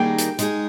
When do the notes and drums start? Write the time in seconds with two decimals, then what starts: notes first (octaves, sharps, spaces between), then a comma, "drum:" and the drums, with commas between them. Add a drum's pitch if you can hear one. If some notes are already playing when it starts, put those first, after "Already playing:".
Already playing: D#3 G3 A#3 D#4 G#4 G5
0.18 drum: hi-hat
0.39 G#3 D#4 G#4, drum: hi-hat